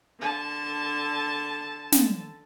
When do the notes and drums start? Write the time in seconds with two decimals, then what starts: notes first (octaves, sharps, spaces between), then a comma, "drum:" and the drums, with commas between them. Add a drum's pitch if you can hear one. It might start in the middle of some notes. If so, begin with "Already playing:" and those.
0.20 D3 A5
1.92 drum: snare